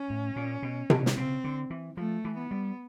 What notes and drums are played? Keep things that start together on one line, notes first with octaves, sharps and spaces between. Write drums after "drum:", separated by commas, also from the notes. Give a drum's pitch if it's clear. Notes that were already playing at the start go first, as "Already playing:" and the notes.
Already playing: C#4
A2
A#2
B2
B2, drum: tom C3
drum: snare
C#3 C4
D3
E3
F3 A3
E3
B3
G3